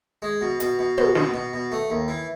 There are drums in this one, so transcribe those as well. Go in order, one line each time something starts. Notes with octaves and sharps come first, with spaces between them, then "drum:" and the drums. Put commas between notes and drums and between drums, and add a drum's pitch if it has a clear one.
G#3
B2
B2, drum: hi-hat
B2
B2, drum: tom
B2, drum: snare
B2
B2
A3
D#2
E3